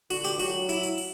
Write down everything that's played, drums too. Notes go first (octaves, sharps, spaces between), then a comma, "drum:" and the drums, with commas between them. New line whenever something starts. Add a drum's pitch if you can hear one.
D3 F#4, drum: open hi-hat
G4, drum: hi-hat
F#3 F#4, drum: open hi-hat
E4, drum: hi-hat
drum: hi-hat
drum: open hi-hat